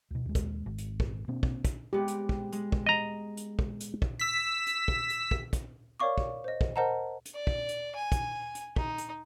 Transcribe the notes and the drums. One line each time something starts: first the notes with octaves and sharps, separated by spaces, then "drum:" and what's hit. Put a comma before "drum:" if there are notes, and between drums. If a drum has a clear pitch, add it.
D2 B2
D#2 G#3
drum: kick, hi-hat
G#1
drum: hi-hat
drum: kick
B2 A#3 C4 D4
drum: kick
drum: kick, hi-hat
G#3 B3 C4 G4
drum: hi-hat
drum: kick
G#3, drum: hi-hat
drum: kick
D#5 A#5
drum: hi-hat
drum: kick
drum: hi-hat
drum: kick
E6 B6
drum: hi-hat
drum: kick
drum: hi-hat
drum: kick
drum: kick, hi-hat
A#4 C#5 D5 F5 C#6 D6
drum: kick
C5 D#5
drum: kick
A#4 C5 D#5 F#5 A5 A#5
drum: hi-hat
D5
drum: kick
drum: hi-hat
G#5
drum: kick, hi-hat
drum: hi-hat
D#4, drum: kick
drum: hi-hat